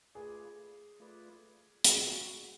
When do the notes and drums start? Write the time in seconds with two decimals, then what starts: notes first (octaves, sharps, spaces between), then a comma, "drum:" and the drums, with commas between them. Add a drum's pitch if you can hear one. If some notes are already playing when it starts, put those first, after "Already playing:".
0.15 A3 F4 G#4 B4 D5
1.00 A3 F4 B4 D5
1.84 B2 G#3 D4 F4 G#4, drum: hi-hat
2.05 F#4